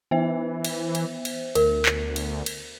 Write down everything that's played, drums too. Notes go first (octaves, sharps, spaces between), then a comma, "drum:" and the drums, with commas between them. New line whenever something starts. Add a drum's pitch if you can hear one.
E3 B3 C5 E5
drum: cymbal
drum: cymbal
drum: cymbal
D2 A#4, drum: cymbal
drum: clap
drum: cymbal
drum: cymbal